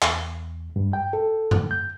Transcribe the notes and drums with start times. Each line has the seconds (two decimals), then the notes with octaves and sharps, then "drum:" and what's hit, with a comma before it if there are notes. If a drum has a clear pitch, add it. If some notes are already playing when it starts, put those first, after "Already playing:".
0.02 E2, drum: clap
0.76 G2
0.93 G5
1.13 A4
1.51 drum: tom F#2
1.71 G6